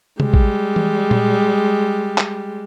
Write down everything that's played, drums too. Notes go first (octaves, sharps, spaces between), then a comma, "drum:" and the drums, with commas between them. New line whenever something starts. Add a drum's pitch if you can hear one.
G3 G#3, drum: tom C3
drum: kick A1
drum: tom E3
drum: tom A#2
drum: clap